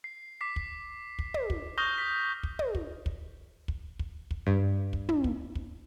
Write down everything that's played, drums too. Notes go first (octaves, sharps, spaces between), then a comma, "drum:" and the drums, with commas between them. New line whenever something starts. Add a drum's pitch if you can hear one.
C7
D6 B6 C7
drum: kick
drum: kick
drum: tom
drum: kick
C#6 D#6 F6 G6 A#6 G7
B6
drum: kick
drum: tom
drum: kick
drum: kick
drum: kick
drum: kick
drum: kick
G2
drum: kick
drum: tom
drum: kick
drum: kick